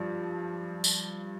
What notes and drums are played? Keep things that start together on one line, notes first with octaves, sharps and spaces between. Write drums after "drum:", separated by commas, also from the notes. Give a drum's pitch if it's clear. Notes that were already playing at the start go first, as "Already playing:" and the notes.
Already playing: G2 F3
drum: tambourine